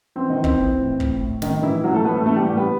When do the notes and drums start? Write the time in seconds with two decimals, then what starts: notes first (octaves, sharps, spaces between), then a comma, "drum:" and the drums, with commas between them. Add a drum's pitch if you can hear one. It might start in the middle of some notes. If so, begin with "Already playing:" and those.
0.16 E3 C4
0.30 D#3 D#4
0.37 E3
0.44 C4, drum: kick
0.58 E3
0.79 A2
1.00 A2, drum: kick
1.21 A2
1.42 A2 D#3 D#4, drum: snare
1.62 A2 E3 E4
1.84 E3 F#3 F#4
1.94 A3 A4
2.05 E3 B3 B4
2.15 A3 A4
2.26 E3 A3 A4
2.37 G3 G4
2.47 A2 G3 G4
2.57 B3 B4